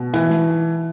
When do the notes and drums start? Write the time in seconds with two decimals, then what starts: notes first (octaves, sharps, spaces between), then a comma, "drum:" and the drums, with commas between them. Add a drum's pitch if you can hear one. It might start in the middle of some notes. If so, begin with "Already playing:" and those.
Already playing: B2
0.13 E3, drum: hi-hat
0.30 drum: snare